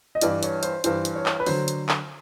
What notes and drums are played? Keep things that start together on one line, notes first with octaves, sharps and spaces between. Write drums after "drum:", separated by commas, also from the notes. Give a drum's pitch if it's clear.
D#5
G2 E3 D5, drum: hi-hat
C#5, drum: hi-hat
C5, drum: hi-hat
G2 E3 C5, drum: hi-hat
drum: hi-hat
C#5
drum: clap
B4
D3 F#3 C5, drum: open hi-hat
drum: hi-hat
drum: clap